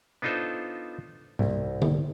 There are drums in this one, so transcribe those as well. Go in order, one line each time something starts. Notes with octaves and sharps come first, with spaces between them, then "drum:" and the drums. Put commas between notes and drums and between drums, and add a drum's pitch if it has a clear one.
B3 D4 D#4 F4 A4 C5
C2, drum: tom G#2
drum: tom D3